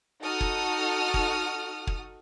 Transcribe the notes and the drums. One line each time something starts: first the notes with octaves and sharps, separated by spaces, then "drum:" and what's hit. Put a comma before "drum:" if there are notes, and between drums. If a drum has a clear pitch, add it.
D#4 F#4 A4 D#6 F6
drum: kick
drum: kick
drum: kick